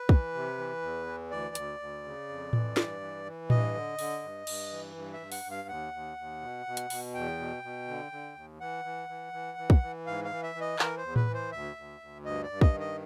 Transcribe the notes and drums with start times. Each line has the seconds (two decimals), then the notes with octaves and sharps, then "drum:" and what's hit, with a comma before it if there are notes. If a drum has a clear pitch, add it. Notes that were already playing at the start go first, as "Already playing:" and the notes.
Already playing: B4
0.09 E3, drum: kick
0.34 C3
0.58 E3
0.82 E2
1.06 E3
1.31 D2 D5
1.55 D2, drum: hi-hat
1.79 D2
2.04 C#3
2.29 F2
2.53 E3, drum: tom A2
2.77 G2, drum: snare
3.01 E3
3.25 E3
3.50 G2 D#5, drum: tom A2
3.74 D3
3.99 D3, drum: open hi-hat
4.23 G2
4.47 G2, drum: cymbal
4.71 E3
4.96 G2
5.13 E5
5.20 G2
5.32 F#5, drum: open hi-hat
5.44 G2
5.51 F5
5.68 D#2 F#5
5.93 D#2
6.18 D#2
6.41 B2
6.66 B2
6.77 drum: hi-hat
6.90 B2, drum: open hi-hat
7.14 E2 G5
7.39 B2
7.63 B2
7.88 D3
8.12 D3
8.36 D#2
8.60 E3 F#5
8.85 E3
9.09 E3
9.33 E3
9.58 E3
9.70 drum: kick
9.82 E3
10.07 G#2 F5
10.24 F5
10.30 E3
10.43 E5
10.55 E3
10.61 D#5
10.79 E3 A#4, drum: clap
10.98 C5
11.03 E2
11.16 B4, drum: tom A2
11.28 E3
11.34 C5
11.52 D2 E5
11.76 D2
12.01 D2
12.25 G2 D#5
12.43 D5
12.49 G2
12.61 D#5, drum: kick
12.74 D#3
12.80 D#5